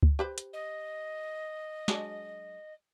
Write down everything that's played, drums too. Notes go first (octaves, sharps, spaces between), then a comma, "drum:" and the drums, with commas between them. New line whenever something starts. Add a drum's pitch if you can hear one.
drum: kick C#2
G4 B4 C5
drum: hi-hat
D#5
F#3 G#3 D4, drum: snare